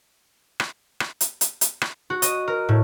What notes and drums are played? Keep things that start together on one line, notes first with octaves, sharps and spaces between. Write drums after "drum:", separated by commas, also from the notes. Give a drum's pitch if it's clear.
drum: rim click
drum: rim click
drum: hi-hat
drum: hi-hat
drum: hi-hat
drum: rim click
F#4
D#5, drum: hi-hat
A#4
A2